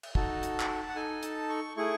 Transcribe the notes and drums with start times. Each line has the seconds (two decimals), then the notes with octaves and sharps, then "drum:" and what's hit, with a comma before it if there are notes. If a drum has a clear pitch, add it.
0.03 drum: cymbal
0.15 D#4 F#4 A4 A5, drum: kick
0.43 drum: hi-hat
0.60 drum: clap
0.88 F#5
0.95 D#4 A4 G#5
1.23 A5, drum: hi-hat
1.50 C#6
1.77 A3 E4 G#4 C#6